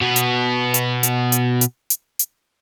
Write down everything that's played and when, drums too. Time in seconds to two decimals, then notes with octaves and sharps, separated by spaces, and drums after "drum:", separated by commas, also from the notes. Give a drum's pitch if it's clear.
0.01 B2 B3
0.16 drum: hi-hat
0.74 drum: hi-hat
1.03 drum: hi-hat
1.32 drum: hi-hat
1.61 drum: hi-hat
1.90 drum: hi-hat
2.19 drum: hi-hat